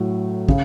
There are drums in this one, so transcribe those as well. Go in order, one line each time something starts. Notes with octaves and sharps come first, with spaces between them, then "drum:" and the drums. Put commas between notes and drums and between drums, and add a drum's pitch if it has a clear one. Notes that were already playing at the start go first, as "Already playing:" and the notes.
Already playing: A2 F#3
C#3, drum: kick